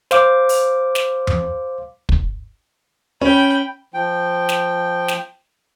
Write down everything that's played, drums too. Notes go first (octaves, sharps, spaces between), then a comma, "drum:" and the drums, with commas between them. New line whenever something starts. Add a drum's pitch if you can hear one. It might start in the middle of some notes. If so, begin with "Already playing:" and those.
C5 F5 D6, drum: snare
drum: open hi-hat
drum: snare
drum: tom F2
drum: kick
C#4 G5 B5
F3 G5
drum: snare
drum: snare